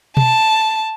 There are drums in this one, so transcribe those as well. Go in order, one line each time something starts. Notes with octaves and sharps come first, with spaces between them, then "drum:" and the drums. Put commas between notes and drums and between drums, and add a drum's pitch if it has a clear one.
A5, drum: tom B2